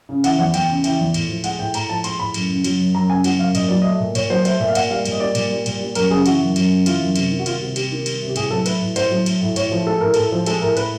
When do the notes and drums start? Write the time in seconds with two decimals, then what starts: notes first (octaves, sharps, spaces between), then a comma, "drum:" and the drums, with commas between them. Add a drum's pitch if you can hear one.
0.09 C#3
0.24 E3 F#5, drum: cymbal
0.39 E2 F#5
0.54 E2 G5, drum: cymbal
0.69 C#3
0.84 E3 G5, drum: cymbal
0.99 E2
1.14 A2, drum: cymbal
1.29 F3
1.44 G#3 F#5, drum: cymbal
1.59 A2 G5
1.74 A2 A#5, drum: cymbal
1.89 F3 A5
2.04 G#3 C6, drum: cymbal
2.19 A2 B5
2.34 F#2, drum: cymbal
2.49 C#3
2.64 F#3, drum: cymbal
2.80 F#2
2.95 F#2 A#5
3.10 C#3 G#5
3.24 F#3 F#5, drum: cymbal
3.39 F#2 F5
3.55 A#2 D#5, drum: cymbal
3.68 F#3 D5
3.82 A3 D#5
4.00 A#2
4.15 A#2 C#5, drum: cymbal
4.30 F#3 C5
4.45 A3 C5, drum: cymbal
4.60 A#2 E5
4.68 F5
4.75 A#2 F#5, drum: cymbal
4.90 G3 F5
5.05 A#2, drum: cymbal
5.12 D#5
5.20 G3 D5
5.35 A#2, drum: cymbal
5.50 G3
5.66 A#2, drum: cymbal
5.80 G3
5.95 F#2 A#4, drum: cymbal
6.11 C#3 G#4
6.26 E3 F#4, drum: cymbal
6.41 F#2
6.56 F#2, drum: cymbal
6.71 C#3
6.86 E3 F4, drum: cymbal
7.01 F#2
7.16 C3, drum: cymbal
7.31 D#3
7.39 F#4
7.46 G3 F4, drum: cymbal
7.61 C3 F#4
7.76 C3 G4, drum: cymbal
7.91 D#3
8.06 G3, drum: cymbal
8.21 C3
8.29 G4
8.36 A2 G#4, drum: cymbal
8.51 F#3 A4
8.66 A3 B4, drum: cymbal
8.81 A2
8.96 A2 C5, drum: cymbal
9.11 F#3
9.26 A3, drum: cymbal
9.41 A2
9.56 A2 C#5, drum: cymbal
9.72 F3
9.86 G#3 A4
10.01 A2 A#4
10.14 A2 A4, drum: cymbal
10.32 F3
10.46 G#3 A4, drum: cymbal
10.62 A2 A#4
10.77 B4, drum: cymbal